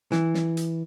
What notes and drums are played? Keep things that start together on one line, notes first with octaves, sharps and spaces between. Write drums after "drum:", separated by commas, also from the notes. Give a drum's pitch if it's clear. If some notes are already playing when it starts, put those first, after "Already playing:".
E3, drum: snare
drum: snare
drum: hi-hat